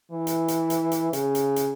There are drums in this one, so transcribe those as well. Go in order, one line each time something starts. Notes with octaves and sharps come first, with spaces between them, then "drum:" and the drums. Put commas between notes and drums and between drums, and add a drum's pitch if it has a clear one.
E3
drum: hi-hat
drum: hi-hat
drum: hi-hat
drum: hi-hat
C#3, drum: hi-hat
drum: hi-hat
drum: hi-hat